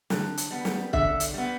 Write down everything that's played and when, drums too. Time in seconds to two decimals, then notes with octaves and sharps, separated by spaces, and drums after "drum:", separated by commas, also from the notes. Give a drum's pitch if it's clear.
0.10 D3, drum: snare
0.37 drum: hi-hat
0.51 G3 B3
0.65 drum: snare
0.93 D3 E5, drum: kick
1.20 drum: hi-hat
1.34 G3 B3